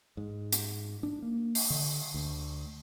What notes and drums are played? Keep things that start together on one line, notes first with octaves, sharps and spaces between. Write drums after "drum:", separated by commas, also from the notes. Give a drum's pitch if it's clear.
G#2
drum: hi-hat
D4
A#3
drum: open hi-hat
D3
D2